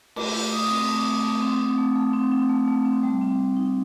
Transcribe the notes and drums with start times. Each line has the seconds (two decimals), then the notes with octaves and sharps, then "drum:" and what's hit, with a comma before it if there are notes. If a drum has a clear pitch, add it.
0.16 A3 D6, drum: cymbal
0.34 A3
0.52 A3 D#6
0.70 C4
0.88 A3 D6
1.06 A3
1.24 A3
1.42 C4
1.60 C4
1.78 A3
1.95 A3
2.13 C4
2.31 C4
2.49 A3
2.67 A3
2.85 C4
3.03 G3
3.21 C4
3.39 G3
3.57 D#4